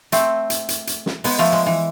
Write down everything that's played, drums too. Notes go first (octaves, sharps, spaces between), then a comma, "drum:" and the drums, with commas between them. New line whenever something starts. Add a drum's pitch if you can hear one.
A3 C4, drum: hi-hat
drum: hi-hat
drum: hi-hat
drum: hi-hat
drum: snare
G#3 B3, drum: open hi-hat
F3 A3
G#3
E3